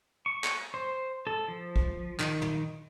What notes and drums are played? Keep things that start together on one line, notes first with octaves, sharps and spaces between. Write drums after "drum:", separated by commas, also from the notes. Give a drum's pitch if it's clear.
C#6
drum: clap
C5
A4
F3
drum: kick
D#3, drum: clap
drum: tom